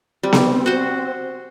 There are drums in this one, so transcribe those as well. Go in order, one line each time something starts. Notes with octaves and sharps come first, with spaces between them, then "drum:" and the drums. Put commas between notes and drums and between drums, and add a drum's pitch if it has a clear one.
G3 C4
drum: snare B3
F#4 C5